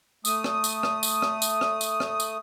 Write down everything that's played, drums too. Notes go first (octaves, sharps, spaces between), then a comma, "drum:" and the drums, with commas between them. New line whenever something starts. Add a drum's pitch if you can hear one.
A3 D#6, drum: tambourine
drum: rim click
drum: tambourine
drum: rim click
drum: tambourine
drum: rim click
drum: tambourine
drum: rim click
drum: tambourine
drum: rim click
drum: tambourine